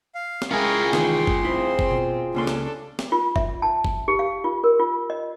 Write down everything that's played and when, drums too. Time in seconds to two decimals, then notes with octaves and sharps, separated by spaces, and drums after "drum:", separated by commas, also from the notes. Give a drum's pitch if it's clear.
0.15 F5
0.42 drum: snare
0.51 G#3 C#4 E4 F4 G#4 A#4 G5 C#6
0.93 D#3 E3 C6, drum: snare
1.27 drum: kick F#1
1.45 C4 E4
1.79 drum: kick F#1
1.91 B2
2.35 C#2 A#3 C#4 D4 A4 C6
2.47 drum: snare
2.99 drum: snare
3.12 F4
3.36 E5, drum: kick F#1
3.62 A5
3.84 drum: kick F#1
4.08 G4
4.19 F5
4.44 F4
4.64 A#4
4.80 F4
5.10 D#5